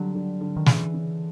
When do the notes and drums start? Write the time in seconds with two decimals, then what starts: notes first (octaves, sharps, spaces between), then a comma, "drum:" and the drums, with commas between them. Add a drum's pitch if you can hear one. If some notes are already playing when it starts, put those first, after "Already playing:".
Already playing: D3 F#3 G3
0.15 D3
0.41 D3
0.57 D#3
0.66 C#3 E3, drum: snare
0.94 C#3